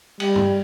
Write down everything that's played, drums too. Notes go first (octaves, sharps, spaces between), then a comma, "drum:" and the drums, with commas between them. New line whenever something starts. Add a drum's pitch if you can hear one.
G3, drum: cymbal
drum: tom